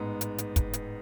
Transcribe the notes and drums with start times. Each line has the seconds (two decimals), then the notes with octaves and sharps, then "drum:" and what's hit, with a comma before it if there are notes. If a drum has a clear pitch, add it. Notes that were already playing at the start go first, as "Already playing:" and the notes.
Already playing: A1 G#2 G#3 B3
0.21 drum: hi-hat
0.38 drum: hi-hat
0.56 drum: kick, hi-hat
0.73 drum: hi-hat